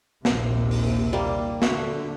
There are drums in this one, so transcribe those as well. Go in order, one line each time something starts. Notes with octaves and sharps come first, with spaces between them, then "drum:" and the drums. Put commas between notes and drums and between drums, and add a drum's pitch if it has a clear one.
A#1 D#2 C3, drum: snare
drum: open hi-hat
G3 A#3
D3 F#4 E5, drum: snare